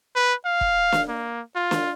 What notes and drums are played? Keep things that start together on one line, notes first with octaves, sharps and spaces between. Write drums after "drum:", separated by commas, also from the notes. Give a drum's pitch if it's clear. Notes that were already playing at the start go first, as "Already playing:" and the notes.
B4
F5
drum: kick
drum: snare
A#3
F4
drum: snare